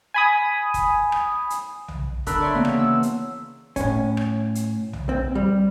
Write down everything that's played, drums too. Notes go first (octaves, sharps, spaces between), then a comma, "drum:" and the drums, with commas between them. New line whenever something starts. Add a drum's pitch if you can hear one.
G#5 B5 D#6
drum: kick, hi-hat
drum: rim click
drum: hi-hat
drum: tom
D3 D4 A#4 B5 E6 F#6, drum: kick, hi-hat
C#5 D5 E5 C6
C#3 E3 A#3 B3
drum: rim click
E6
drum: hi-hat
A2 C#4, drum: kick, hi-hat
drum: rim click
drum: hi-hat
drum: tom
C4
G3